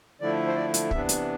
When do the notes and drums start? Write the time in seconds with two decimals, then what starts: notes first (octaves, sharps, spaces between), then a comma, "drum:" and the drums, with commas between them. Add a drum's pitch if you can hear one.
0.21 D3 F3 A3 E4 D5
0.47 C5
0.56 D5
0.74 drum: hi-hat
0.91 C3 E3 B3 D4 E5, drum: kick
1.09 drum: hi-hat